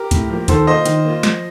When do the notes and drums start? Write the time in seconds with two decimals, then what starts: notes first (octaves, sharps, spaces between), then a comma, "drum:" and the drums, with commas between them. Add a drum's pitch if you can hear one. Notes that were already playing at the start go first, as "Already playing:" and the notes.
Already playing: G4 A#4
0.11 A2, drum: kick D2, hi-hat
0.30 F3 A#3
0.48 D#3 A4 C5, drum: kick D2, hi-hat
0.67 A#3 F4 C5 D#5
0.86 D#3, drum: hi-hat
1.04 A#3
1.09 F4
1.23 F3, drum: snare